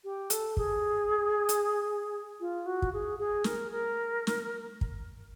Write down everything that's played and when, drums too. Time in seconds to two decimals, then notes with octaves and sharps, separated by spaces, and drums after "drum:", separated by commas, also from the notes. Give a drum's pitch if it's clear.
0.04 G4
0.30 A4, drum: hi-hat
0.57 G#4, drum: kick
1.49 drum: hi-hat
2.40 F4
2.65 F#4
2.82 drum: kick
2.93 G#4
3.18 G#4
3.44 A#4, drum: snare
3.71 A#4
4.27 drum: snare
4.81 drum: kick